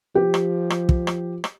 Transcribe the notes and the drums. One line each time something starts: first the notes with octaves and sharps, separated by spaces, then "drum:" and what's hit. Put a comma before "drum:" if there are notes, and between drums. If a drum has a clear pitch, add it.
F3 G4
drum: rim click
drum: rim click
drum: kick
drum: rim click
drum: rim click